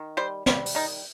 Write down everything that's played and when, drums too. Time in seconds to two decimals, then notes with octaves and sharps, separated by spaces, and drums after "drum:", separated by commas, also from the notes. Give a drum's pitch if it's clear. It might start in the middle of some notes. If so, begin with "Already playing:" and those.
Already playing: D#3
0.17 G3 C5
0.46 G3, drum: snare
0.66 drum: open hi-hat
0.75 D#3 D#4